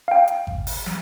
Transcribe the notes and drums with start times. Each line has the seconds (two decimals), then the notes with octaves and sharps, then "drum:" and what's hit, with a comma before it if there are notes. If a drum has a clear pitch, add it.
0.08 F5 G5
0.28 drum: hi-hat
0.47 drum: kick G#1
0.67 drum: open hi-hat
0.86 drum: snare